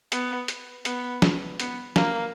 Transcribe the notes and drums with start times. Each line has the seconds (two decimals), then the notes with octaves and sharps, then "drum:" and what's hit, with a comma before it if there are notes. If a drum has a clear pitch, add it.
0.12 B3, drum: hi-hat
0.48 drum: hi-hat
0.85 B3, drum: hi-hat
1.22 drum: snare
1.60 B3, drum: hi-hat
1.96 A#3, drum: snare